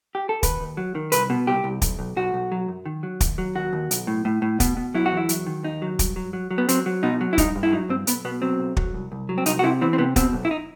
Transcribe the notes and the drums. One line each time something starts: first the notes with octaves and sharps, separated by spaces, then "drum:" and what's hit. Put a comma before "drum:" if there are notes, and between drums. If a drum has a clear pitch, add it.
G4
A4
D#2 B4, drum: kick, hi-hat
D#2
F#3
D#3
C2 B4, drum: hi-hat
B2
C2 G4
C2
B1, drum: kick, hi-hat
B1
B1 F#4
B1
F#3
F#2
D#3
F#3
D#2, drum: kick, hi-hat
F#3
D#2 F#4
D#2
B1, drum: hi-hat
A2
A2
A2
B2, drum: kick, hi-hat
B2
F#3 E4
F#4
E2
E4
F#3, drum: hi-hat
D#3
D#2 D#4
F#3
G2, drum: kick, hi-hat
F#3
F#3
F#3
B3
F#3 C4, drum: hi-hat
F#3
B2 D#4
F#3
E4
G2 D#4, drum: kick, hi-hat
G2
E4
F#3 D#4
G2 C4
B1 B3, drum: hi-hat
B2 B3
F#3 C4
B1
F#3, drum: kick
C2
C2
F#3
C4
C2 D#4, drum: hi-hat
F#4
C3 E4
E3 C4
C4
C3 B3
B2 C4, drum: kick, hi-hat
B1
E4
D#4